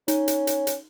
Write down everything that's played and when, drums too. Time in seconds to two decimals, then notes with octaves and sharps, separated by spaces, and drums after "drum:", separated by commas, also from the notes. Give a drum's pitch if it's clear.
0.08 C#4 D#4, drum: hi-hat
0.28 drum: hi-hat
0.47 drum: hi-hat
0.67 drum: hi-hat